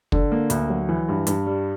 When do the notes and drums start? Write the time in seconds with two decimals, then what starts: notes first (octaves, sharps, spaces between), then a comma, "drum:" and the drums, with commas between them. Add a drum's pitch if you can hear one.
0.12 D3, drum: kick
0.32 A#3
0.50 D2, drum: hi-hat
0.70 F#3
0.89 E3
1.08 G2
1.27 G2, drum: hi-hat
1.47 G3